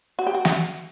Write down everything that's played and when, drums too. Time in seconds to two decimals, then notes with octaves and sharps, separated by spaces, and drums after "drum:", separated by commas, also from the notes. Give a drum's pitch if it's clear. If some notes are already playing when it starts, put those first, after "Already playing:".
0.19 F#4
0.27 G4
0.34 F#4
0.45 drum: snare